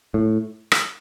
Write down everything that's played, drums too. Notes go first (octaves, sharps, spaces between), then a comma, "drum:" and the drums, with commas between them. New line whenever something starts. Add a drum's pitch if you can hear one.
A2
drum: rim click